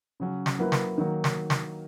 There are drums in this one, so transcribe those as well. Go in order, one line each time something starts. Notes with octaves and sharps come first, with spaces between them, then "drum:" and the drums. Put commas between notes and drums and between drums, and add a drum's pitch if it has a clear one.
C#3 F#3 C#4
drum: snare
F#3 A#3 E4 B4
drum: snare
D#3 F#3 A#3
drum: snare
drum: snare